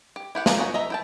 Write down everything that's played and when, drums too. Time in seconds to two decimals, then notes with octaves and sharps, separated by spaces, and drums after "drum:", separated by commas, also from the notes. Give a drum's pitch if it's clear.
0.16 G4
0.35 E4 G4 F#5
0.46 F4 G#4 D5 F5 A#5, drum: snare
0.58 A#3 B3 C#4 D#4 F#4
0.74 D#5 E5 A#5
0.90 E4 G5 A5